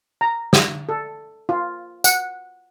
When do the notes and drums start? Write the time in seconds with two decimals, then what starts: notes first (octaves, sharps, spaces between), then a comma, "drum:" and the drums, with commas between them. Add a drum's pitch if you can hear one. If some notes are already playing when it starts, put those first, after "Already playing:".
0.21 A#5
0.53 drum: snare
0.89 A4
1.49 F4
2.04 F#5, drum: tambourine